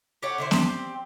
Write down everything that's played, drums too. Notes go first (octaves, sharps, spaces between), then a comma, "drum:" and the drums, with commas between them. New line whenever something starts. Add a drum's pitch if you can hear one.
G4 A4 C#5 F#5
D3 E4 C5
C4 G4, drum: snare B3